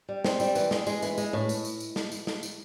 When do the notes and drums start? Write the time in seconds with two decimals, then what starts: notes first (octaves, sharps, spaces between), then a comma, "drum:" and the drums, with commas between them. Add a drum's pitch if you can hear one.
0.09 G3
0.24 C4, drum: snare
0.40 G3, drum: tambourine
0.55 E3, drum: tambourine
0.71 G#3, drum: snare
0.87 G#3, drum: tambourine
1.02 E3, drum: tambourine
1.18 G#3, drum: tambourine
1.33 A2
1.49 drum: tambourine
1.65 drum: tambourine
1.80 drum: tambourine
1.96 drum: snare
2.12 drum: tambourine
2.27 drum: snare
2.43 drum: tambourine